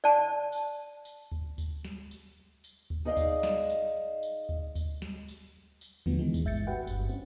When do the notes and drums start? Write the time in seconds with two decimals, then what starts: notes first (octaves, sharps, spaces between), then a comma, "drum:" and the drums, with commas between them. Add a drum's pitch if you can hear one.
0.04 D5 A5
0.52 drum: tambourine
1.05 drum: tambourine
1.32 drum: kick D2
1.58 drum: kick D2, tambourine
1.85 drum: snare
2.11 drum: tambourine
2.64 drum: tambourine
2.90 drum: kick D2
3.05 D#4 G#4 D5 D#5 F5
3.17 drum: kick D2, tambourine
3.43 drum: snare
3.70 drum: tambourine
4.23 drum: tambourine
4.49 drum: kick D2
4.75 drum: kick D2, tambourine
5.02 drum: snare
5.28 drum: tambourine
5.81 drum: tambourine
6.06 B2 D3 F3 F#3 A3 B3, drum: kick D2
6.19 D#3 E3 G#3
6.34 drum: kick D2, tambourine
6.44 G#1 G2 E5 G6 A6 C#7
6.67 F#4 G4 B4 F#5 G5
6.87 G1 G2, drum: tambourine
7.09 C4 C#4